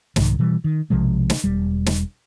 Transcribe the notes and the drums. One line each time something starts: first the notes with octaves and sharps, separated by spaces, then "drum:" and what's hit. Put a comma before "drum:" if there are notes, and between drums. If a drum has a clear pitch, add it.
C2 G#2 D#3, drum: snare
B2 E3 G3
D#3
B1 C3 F3 G#3
drum: snare
E1 G3
drum: snare